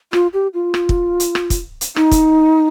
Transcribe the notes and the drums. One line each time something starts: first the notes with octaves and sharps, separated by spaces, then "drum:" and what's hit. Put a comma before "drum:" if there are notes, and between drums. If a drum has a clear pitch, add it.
F4, drum: rim click
G4
F4
drum: rim click
drum: kick
drum: hi-hat
drum: rim click
drum: kick, hi-hat
drum: hi-hat
D#4, drum: rim click
drum: kick, hi-hat